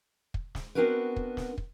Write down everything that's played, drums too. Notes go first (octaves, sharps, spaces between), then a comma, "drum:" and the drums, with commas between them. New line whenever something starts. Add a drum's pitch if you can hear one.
drum: kick
drum: snare
B3 C4 D4 F#4 A#4 B4
drum: kick
drum: snare
drum: kick